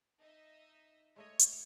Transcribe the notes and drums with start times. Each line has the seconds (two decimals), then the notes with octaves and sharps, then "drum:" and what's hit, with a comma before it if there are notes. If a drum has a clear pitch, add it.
0.20 D#4 D#5 E5
1.16 G#3 A3 C#5 D#5
1.39 drum: hi-hat